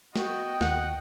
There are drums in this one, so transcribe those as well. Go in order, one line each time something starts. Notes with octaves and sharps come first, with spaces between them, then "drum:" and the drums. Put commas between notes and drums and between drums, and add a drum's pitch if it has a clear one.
B3 F#4 D#5 G5, drum: snare
D#2 F#5, drum: snare